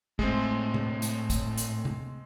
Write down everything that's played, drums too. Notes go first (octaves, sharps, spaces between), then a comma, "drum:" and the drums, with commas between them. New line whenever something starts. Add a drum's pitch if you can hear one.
A2 G#3 C4, drum: kick
drum: tom C3
drum: hi-hat
drum: kick, hi-hat
drum: hi-hat
drum: tom C3